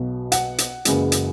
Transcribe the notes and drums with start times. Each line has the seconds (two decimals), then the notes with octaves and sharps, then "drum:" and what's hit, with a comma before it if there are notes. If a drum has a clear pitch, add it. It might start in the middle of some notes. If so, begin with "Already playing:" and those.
Already playing: B1 B2 F#3
0.32 F#5, drum: hi-hat
0.58 drum: hi-hat
0.85 F#1 F#2 C#3 E3 G#3, drum: hi-hat
1.12 drum: hi-hat